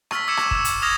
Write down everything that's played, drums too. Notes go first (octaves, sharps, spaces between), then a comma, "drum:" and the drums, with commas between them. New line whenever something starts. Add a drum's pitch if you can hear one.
C#6 E6 F6 A6 B6, drum: rim click
D6 E6 G#6 C#7 E7
drum: rim click
E6 E7, drum: kick
drum: hi-hat
D#6 F6 G#6 A#6 F7